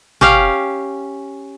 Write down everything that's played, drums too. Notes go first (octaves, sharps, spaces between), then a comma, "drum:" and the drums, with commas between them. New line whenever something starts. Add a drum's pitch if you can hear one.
C#4 G4 F5, drum: tom